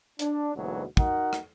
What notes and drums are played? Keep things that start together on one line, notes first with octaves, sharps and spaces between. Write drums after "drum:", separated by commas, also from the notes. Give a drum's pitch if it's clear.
D4, drum: hi-hat
D2 G#2 B2 E3 F#3 A#3
D#4 F#4 A#4 F#5, drum: kick
drum: rim click